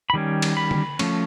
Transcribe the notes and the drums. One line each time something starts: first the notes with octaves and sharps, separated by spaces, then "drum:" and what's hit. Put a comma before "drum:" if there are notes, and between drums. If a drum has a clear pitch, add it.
B5
D#3 G3 C#4
drum: cymbal
B5
drum: tom D3
F3 A3 C#4, drum: cymbal